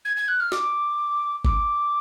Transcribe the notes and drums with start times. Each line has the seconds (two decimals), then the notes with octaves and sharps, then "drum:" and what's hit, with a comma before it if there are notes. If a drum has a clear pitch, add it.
0.05 G#6
0.17 G#6
0.28 F#6
0.40 F6
0.52 D6, drum: snare
1.45 D6, drum: kick G#1